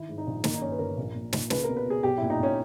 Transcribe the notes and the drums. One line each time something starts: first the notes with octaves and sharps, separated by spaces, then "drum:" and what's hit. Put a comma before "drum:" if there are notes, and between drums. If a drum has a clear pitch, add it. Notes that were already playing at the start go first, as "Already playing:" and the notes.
Already playing: D#3 E4
G#2
D#4
A#1
D#3 A#3, drum: snare
D#4
G2 C#4
B4
G1 A#4
A#1
A#2
A#2, drum: snare
C#2 B4, drum: snare
A#4
B2
B4
B2 G#4
B1 G4
A#2 E4
D#4
A#2 C#4